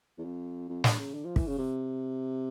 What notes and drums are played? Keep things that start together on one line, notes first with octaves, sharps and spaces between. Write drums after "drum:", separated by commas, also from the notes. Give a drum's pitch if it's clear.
E2
F2
F2
G2, drum: snare
C#3
D3
F3
E3, drum: kick
C#3
C3